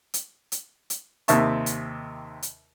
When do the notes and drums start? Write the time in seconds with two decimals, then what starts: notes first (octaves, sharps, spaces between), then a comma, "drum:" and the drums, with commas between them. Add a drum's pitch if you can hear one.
0.14 drum: hi-hat
0.52 drum: hi-hat
0.90 drum: hi-hat
1.28 D#2 C3 D#3 E5 A5 C#6, drum: hi-hat
1.66 drum: hi-hat
2.42 drum: hi-hat